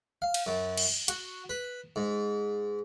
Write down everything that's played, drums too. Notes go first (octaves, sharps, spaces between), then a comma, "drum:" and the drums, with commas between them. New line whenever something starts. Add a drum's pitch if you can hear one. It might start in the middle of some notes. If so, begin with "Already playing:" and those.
F5
drum: cymbal
F#2
drum: cymbal
F#4, drum: hi-hat
B4
G#2